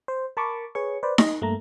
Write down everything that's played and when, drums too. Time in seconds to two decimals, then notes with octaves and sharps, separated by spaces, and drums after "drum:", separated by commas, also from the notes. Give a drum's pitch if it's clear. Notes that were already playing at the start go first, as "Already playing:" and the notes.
0.08 C5
0.37 A#4 A5 B5 C#6 D6
0.75 G#4 B4 C#5 C#6
1.03 B4 C5 D5
1.18 D#5 A#6, drum: snare D#4
1.41 G2 A3 A#3 A#5